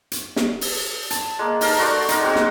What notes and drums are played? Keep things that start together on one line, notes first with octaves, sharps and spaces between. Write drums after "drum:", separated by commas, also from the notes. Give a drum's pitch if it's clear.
drum: hi-hat
drum: snare
drum: open hi-hat
A5, drum: hi-hat
G#3 A#3
D#4 A#4 F5 A5, drum: open hi-hat
A3 F#4 C5 D5
D#4 A#4, drum: hi-hat
G#3 C4 F#4
drum: snare